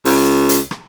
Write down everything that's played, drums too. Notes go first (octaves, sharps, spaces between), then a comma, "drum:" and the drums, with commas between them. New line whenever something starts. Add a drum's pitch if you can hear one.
C#2, drum: open hi-hat
drum: hi-hat
drum: rim click